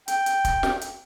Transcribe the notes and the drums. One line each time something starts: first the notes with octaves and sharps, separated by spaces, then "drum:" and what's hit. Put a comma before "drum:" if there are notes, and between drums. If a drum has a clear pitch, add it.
G5, drum: hi-hat
drum: hi-hat
drum: kick, hi-hat
drum: snare
drum: hi-hat